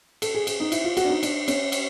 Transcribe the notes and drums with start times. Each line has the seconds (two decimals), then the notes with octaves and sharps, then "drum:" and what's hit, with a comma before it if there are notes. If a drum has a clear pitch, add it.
0.22 A4, drum: cymbal
0.35 G#4
0.47 G#4, drum: cymbal
0.60 D#4
0.72 E4, drum: cymbal
0.84 F4
0.97 F#4, drum: cymbal
1.05 D4
1.09 D#4
1.23 D4, drum: cymbal
1.48 C#4, drum: cymbal
1.72 drum: cymbal